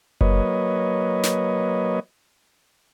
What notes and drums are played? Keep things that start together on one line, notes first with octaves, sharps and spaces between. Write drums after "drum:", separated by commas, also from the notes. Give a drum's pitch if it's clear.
F#3 A#3 B4 C#5 D#5, drum: kick F#1
drum: snare